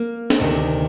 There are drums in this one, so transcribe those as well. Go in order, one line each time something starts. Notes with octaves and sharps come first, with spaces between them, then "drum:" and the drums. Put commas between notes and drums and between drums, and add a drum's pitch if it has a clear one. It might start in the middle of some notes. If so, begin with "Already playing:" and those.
Already playing: A#3
drum: snare
D2 C3 D#3